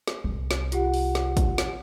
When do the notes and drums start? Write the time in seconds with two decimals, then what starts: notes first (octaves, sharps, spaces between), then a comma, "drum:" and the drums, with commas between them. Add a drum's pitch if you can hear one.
0.07 drum: snare
0.24 C2
0.51 drum: snare
0.72 F4 G4 F#5, drum: hi-hat
0.94 drum: open hi-hat
1.15 drum: snare
1.37 drum: kick, hi-hat
1.58 drum: snare